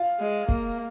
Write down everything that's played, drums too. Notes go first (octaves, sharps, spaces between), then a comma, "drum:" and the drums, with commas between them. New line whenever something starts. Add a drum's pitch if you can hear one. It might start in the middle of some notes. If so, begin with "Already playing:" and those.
Already playing: F4 F5
G#3
A#3, drum: kick F#1